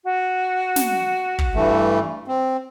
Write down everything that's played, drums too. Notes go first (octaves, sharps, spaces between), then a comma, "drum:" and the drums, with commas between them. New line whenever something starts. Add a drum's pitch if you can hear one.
F#4
drum: snare
drum: kick
G2 E3 A3
C4